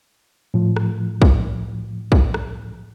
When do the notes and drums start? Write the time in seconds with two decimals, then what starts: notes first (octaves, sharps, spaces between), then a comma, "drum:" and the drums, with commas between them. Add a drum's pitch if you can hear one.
0.54 A2 F3
0.76 drum: rim click
1.22 drum: kick
2.12 drum: kick
2.34 drum: rim click